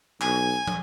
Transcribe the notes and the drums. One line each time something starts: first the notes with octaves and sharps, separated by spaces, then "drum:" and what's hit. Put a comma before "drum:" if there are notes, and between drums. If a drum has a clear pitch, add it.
B1 G#5, drum: clap
drum: tom